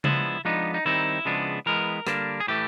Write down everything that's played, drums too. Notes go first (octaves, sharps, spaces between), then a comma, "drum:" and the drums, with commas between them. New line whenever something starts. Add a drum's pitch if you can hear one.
F3 G#3 B3 D4 E4, drum: tom C#3
F3 G#3 B3 D4 D#4
D#4
D#3 G3 C4 D#4 E4
C#3 F3 G#3 B3 D4
E3 G#3 B3 A#4
D3 G3 A#3 D4, drum: rim click
G#4
A2 E3 A3 G4